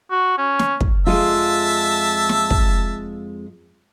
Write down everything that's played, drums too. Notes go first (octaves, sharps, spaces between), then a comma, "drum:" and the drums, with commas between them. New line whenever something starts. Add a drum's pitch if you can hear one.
F#4
C#4
drum: snare
drum: kick
F2 G#3 F4 E5 A5
drum: snare
drum: kick